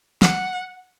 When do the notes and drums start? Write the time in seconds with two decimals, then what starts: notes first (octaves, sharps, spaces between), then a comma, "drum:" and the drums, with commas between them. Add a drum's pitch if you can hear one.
0.22 F#5, drum: snare